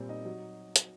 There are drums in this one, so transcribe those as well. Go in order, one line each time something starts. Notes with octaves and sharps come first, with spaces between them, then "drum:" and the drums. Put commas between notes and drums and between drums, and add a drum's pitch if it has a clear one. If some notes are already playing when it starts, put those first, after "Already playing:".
Already playing: A#2 G3 C4
D#4
F#3
drum: hi-hat